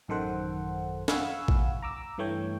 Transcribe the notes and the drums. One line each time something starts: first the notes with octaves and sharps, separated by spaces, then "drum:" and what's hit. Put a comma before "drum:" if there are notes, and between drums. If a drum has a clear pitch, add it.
A1 F#2 D#3 A4 C5 F#5
F5 F#5 G#5 B5 C#6 E6, drum: snare
drum: kick A1
A#5 D6 E6
G2 E3 A3 C#5 G5